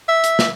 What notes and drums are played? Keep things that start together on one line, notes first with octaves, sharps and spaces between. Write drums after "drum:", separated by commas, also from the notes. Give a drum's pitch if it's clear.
E5
drum: hi-hat
drum: snare